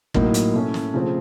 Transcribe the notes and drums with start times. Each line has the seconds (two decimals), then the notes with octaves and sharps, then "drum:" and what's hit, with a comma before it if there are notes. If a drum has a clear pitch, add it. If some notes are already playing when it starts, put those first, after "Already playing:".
0.14 A2 F#3 A#3 D#4, drum: kick
0.34 drum: hi-hat
0.54 A2 A3 C#4
0.74 drum: snare
0.94 C#3 F3 A3 C4 F4